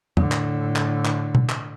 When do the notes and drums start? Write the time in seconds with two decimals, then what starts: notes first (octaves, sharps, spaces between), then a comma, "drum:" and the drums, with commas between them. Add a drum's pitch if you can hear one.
0.17 A2 D3, drum: tom E2
0.32 drum: clap
0.76 drum: clap
1.05 drum: clap
1.35 drum: tom B2
1.49 drum: clap